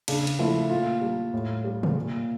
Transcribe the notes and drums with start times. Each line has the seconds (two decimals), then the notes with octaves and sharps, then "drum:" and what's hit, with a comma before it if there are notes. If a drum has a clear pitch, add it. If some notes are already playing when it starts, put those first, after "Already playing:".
0.08 C#3 D4, drum: cymbal
0.27 drum: hi-hat
0.39 F3 A3 E4
0.70 A#2 F4
1.01 G3
1.34 A2
1.64 G3
1.83 drum: tom C3
1.96 A#2